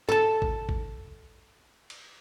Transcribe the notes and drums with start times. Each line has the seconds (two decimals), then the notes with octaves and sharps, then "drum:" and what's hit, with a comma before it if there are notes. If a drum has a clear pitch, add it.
0.09 A4 A5, drum: tom
0.42 drum: kick A1
0.69 drum: kick A1
1.90 drum: cymbal